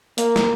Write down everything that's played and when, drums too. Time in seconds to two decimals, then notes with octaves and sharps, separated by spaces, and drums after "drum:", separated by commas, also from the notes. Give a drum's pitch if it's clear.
0.18 A#3, drum: hi-hat
0.36 drum: snare